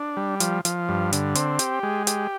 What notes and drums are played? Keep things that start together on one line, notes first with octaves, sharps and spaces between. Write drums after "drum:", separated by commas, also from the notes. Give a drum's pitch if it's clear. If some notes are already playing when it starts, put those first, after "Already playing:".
Already playing: D4
G3
F3, drum: hi-hat
F3, drum: hi-hat
G2
D3, drum: hi-hat
C4, drum: hi-hat
G4, drum: hi-hat
G#3
G4, drum: hi-hat